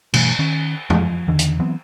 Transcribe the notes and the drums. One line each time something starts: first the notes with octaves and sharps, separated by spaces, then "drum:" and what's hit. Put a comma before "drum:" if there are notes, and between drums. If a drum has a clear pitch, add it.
G2 B2 E3 A3, drum: cymbal
D#3 C#4
F3, drum: tom
E2 D3 D#3
drum: hi-hat
E3 F#3 B3 C4